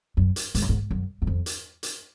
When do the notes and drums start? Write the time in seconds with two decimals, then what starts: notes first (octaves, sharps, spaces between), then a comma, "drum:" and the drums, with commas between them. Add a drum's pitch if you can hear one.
0.17 F#2
0.36 drum: hi-hat
0.55 G#2, drum: hi-hat
0.62 F#2
0.69 G#2
0.91 F#2
1.22 F#2
1.27 F2
1.46 drum: hi-hat
1.83 drum: hi-hat